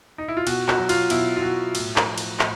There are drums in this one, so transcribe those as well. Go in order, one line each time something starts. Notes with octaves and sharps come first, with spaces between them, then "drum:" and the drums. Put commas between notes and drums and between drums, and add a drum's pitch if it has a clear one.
D#4
E4
F4
B2 F#4, drum: cymbal
F#4, drum: clap
F#3
F4, drum: cymbal
B2 E4, drum: cymbal
F4
F#3 F#4
A2, drum: cymbal
drum: clap
F3
drum: cymbal
A2, drum: clap